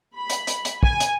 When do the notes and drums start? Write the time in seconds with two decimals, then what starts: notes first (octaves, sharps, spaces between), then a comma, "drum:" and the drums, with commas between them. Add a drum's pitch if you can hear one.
0.17 B5
0.30 drum: hi-hat
0.47 drum: hi-hat
0.65 drum: hi-hat
0.83 G#5, drum: kick
1.00 drum: hi-hat